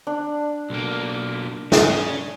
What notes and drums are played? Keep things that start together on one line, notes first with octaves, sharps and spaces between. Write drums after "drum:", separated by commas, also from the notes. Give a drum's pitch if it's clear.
D4
B1 A#3
C#4 G#4, drum: snare